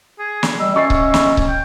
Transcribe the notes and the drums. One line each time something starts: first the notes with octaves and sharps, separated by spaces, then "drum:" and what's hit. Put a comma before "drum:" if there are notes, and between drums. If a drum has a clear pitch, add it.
G#4
drum: snare
G3 D#5 E6
C#4 D#5 E5 C#6 A6 C7
drum: kick C#1
drum: snare
drum: kick C#1
G5